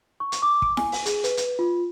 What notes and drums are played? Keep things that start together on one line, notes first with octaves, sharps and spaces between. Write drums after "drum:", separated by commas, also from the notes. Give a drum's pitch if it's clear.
C#6
drum: hi-hat
D6
drum: kick
G#5, drum: snare E4
drum: open hi-hat
G#4, drum: hi-hat
B4, drum: hi-hat
drum: hi-hat
F4